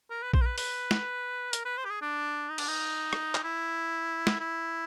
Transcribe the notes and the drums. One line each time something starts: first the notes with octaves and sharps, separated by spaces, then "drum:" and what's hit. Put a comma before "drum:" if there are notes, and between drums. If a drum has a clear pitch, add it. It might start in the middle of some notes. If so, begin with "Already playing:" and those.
A#4
B4
C5, drum: kick A#1
A#4
B4
B4, drum: open hi-hat
drum: snare
A#4, drum: hi-hat
B4
C5
G4
G#4
D4
D#4
D4, drum: cymbal
D#4
drum: rim click
drum: clap
E4
drum: snare
E4